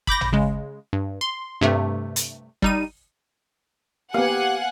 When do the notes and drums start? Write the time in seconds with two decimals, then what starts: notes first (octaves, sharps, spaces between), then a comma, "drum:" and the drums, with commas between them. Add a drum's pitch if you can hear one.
0.07 B5 D6 G6 A#6, drum: kick G1
0.21 drum: tom
0.33 C#3 G#3
0.93 G2
1.21 C6
1.61 G2 C3 A3
2.16 drum: hi-hat
2.62 G3 D#4 D#7, drum: kick G1
4.14 A#3 B3 G4 F5 F#5 G#5